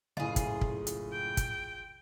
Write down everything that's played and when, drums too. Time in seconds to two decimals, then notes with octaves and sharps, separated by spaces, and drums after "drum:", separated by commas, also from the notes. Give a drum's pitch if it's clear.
0.17 F#1 A2 F4 G#4
0.36 drum: kick, hi-hat
0.61 drum: kick
0.87 drum: hi-hat
1.12 G5
1.37 drum: kick, hi-hat